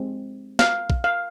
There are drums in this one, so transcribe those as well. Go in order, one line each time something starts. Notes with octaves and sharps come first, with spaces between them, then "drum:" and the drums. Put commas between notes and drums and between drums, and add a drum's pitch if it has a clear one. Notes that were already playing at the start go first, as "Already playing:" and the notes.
Already playing: G#3 C4
F5, drum: snare
drum: kick
F5